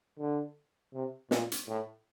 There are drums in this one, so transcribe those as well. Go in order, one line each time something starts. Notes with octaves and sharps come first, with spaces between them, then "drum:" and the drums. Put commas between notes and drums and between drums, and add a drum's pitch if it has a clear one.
D3
C3
A#2, drum: snare
drum: hi-hat
A2